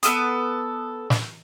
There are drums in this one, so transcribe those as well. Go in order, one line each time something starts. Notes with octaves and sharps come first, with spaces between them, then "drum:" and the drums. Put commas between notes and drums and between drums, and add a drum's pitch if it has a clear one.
B3 F4 A4 D#6, drum: hi-hat
drum: snare